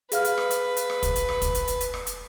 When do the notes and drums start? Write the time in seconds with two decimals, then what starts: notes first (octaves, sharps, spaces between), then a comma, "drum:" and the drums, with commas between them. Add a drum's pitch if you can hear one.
0.12 G#4 B4 F5 F6, drum: hi-hat
0.25 drum: hi-hat
0.38 drum: rim click
0.51 drum: hi-hat
0.77 drum: hi-hat
0.90 drum: rim click
1.03 drum: kick, hi-hat
1.16 drum: hi-hat
1.29 drum: rim click
1.42 drum: kick, hi-hat
1.55 drum: hi-hat
1.68 drum: hi-hat
1.81 drum: hi-hat
1.94 drum: rim click
2.07 drum: hi-hat